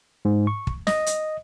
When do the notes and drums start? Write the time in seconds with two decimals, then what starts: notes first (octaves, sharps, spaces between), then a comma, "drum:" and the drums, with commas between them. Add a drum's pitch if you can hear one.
0.25 G#2
0.47 C#6
0.67 drum: kick
0.87 D#5, drum: snare
1.06 drum: hi-hat